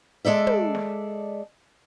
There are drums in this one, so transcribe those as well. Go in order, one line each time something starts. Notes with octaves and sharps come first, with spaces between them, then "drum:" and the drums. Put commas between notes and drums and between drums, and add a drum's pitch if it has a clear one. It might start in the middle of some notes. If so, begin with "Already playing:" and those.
G#3 A4 D5 E5
drum: tom
drum: snare